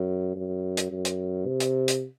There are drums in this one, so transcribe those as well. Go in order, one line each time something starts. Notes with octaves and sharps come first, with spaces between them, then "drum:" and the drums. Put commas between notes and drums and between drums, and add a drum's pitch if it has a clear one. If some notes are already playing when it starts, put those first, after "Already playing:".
Already playing: F#2
F#2
drum: hi-hat
F#2
drum: hi-hat
C3
drum: hi-hat
drum: hi-hat